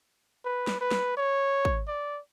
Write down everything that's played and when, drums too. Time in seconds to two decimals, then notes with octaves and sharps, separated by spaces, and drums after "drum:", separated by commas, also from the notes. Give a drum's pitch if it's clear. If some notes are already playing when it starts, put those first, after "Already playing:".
0.45 B4
0.67 drum: snare
0.81 B4
0.91 drum: snare
1.17 C#5
1.65 drum: kick
1.88 D5